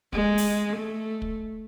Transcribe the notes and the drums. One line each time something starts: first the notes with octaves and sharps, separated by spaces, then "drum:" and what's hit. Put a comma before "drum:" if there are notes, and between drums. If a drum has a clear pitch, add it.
G#3, drum: kick
drum: open hi-hat
A3
drum: kick